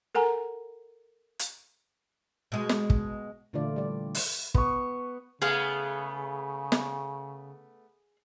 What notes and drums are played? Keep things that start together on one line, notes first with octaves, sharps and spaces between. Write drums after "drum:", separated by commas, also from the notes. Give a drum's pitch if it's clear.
A4 A#4 F#5 G#5 A#5
drum: hi-hat
B2 G#3
drum: snare
drum: kick
A#2 D3 E3 A3 F4 D5
G3 D5
drum: open hi-hat
B3 C#6, drum: kick
C#3 A3 B3 G#4 F5
drum: snare